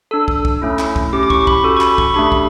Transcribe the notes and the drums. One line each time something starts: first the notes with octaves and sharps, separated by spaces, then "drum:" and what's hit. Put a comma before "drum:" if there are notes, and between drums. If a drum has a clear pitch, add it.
D4 A4 E6
drum: kick
drum: kick
A3 C#4 E4
drum: clap
drum: kick
C#4 E4 G4 D6
D6
C#6, drum: kick
B5, drum: kick
C#4 F#4 A4 C#6
C#6
B5, drum: clap
C#6, drum: kick
A3 D4 G4 B5
drum: kick